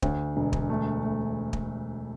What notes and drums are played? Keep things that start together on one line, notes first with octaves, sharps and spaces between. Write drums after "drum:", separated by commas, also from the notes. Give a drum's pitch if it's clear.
D2, drum: kick
E1
drum: kick
A3
A3
drum: kick